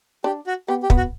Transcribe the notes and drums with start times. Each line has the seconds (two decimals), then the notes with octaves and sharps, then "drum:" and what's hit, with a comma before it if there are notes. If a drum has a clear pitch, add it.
0.24 D4 G4
0.47 F#4
0.68 B3 G4
0.83 G4
0.90 B3, drum: kick
0.97 F#4